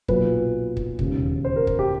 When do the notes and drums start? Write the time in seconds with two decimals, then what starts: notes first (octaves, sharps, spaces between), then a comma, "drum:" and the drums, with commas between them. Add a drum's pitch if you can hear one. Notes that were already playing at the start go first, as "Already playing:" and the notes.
0.08 B1 A#2 F#3 B4, drum: kick
0.77 drum: kick
0.99 E1 D#2 C#3, drum: kick
1.45 C5
1.56 A#4
1.67 drum: kick
1.79 G4